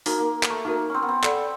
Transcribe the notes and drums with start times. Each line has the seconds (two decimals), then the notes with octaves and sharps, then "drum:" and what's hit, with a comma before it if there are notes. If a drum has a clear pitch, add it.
0.06 A#3 D#4 F#4 A#4, drum: open hi-hat
0.20 A#3
0.43 A#3, drum: clap
0.50 A3
0.65 A#3 D#4 F#4 A#4
0.90 C4 C#4
1.02 B3
1.09 C4
1.24 A4 D5 F#5 B5, drum: clap